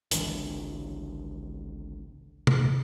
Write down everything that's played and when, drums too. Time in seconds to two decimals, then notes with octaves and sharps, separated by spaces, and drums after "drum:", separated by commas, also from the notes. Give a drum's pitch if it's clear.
0.11 G#1 C#2 D3 E3, drum: hi-hat
2.47 drum: tom